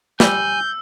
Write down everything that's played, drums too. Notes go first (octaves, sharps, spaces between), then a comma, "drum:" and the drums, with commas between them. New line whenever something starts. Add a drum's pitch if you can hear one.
G3 G#5 E6 G6, drum: snare